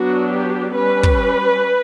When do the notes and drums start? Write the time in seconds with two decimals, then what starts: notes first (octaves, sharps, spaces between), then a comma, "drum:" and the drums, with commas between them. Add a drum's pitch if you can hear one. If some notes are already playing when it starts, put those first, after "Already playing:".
Already playing: F#3 B3 D4 F#4
0.30 G4
0.74 G3 C#4 B4
1.03 drum: kick